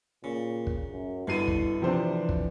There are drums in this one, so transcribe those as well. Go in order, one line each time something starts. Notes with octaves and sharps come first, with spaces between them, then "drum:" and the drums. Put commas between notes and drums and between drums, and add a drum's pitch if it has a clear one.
A#2 C#3
drum: kick
F#2
G2 B2 D3 E4 C7 D#7
drum: kick
C3 E3 F3 D4 C5
drum: kick